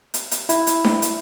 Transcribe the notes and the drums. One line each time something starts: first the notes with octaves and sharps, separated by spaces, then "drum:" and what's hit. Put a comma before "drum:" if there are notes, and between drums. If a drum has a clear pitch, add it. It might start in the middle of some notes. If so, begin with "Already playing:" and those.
drum: hi-hat
drum: hi-hat
E4, drum: hi-hat
drum: hi-hat
drum: snare D4
drum: hi-hat